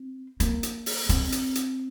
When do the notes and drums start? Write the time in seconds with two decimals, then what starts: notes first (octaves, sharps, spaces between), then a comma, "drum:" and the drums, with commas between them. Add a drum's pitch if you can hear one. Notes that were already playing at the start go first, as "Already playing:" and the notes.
Already playing: C4
0.40 A#3, drum: hi-hat
0.63 drum: hi-hat
0.86 drum: open hi-hat
1.09 C4, drum: hi-hat
1.32 drum: hi-hat
1.55 drum: hi-hat